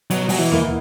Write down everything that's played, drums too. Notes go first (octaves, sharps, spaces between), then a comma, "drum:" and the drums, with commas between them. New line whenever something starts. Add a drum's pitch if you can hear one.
B2 F#3, drum: hi-hat
F#3, drum: open hi-hat
E3
A#3 E4, drum: tom D#2